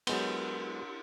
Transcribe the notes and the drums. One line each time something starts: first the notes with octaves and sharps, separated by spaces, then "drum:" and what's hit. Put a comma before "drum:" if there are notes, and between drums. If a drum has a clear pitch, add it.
F#3 G#3 B3, drum: cymbal